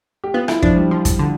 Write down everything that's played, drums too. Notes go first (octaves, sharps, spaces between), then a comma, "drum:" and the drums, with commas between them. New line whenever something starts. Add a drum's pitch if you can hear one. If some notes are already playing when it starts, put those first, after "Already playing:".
G4
B3 F4
E4, drum: rim click
F3 D4, drum: kick
G3
F3
drum: kick, hi-hat
D3